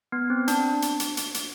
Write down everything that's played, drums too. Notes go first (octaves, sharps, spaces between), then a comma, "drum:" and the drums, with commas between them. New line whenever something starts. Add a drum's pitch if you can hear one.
B3
C4
D4, drum: hi-hat
drum: hi-hat
drum: hi-hat
drum: hi-hat
drum: hi-hat